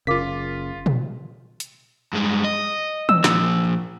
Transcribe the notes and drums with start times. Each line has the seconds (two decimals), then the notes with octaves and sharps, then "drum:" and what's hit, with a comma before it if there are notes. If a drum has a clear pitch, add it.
0.07 F#1 C#3 F4 A#4 F5 D6 B6
0.86 drum: tom
1.60 drum: hi-hat
2.13 G2 G#3
2.44 D#5
3.09 E6, drum: tom
3.24 A#2 F3, drum: snare